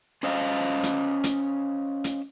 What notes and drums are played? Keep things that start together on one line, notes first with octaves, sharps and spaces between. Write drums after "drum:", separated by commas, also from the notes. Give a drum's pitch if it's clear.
C#4 C5 D#5 F5
drum: hi-hat
drum: hi-hat
drum: hi-hat